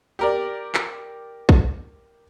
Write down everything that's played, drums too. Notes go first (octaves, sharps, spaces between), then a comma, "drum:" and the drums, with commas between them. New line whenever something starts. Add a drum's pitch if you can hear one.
G4 A#4 D5
drum: clap
drum: kick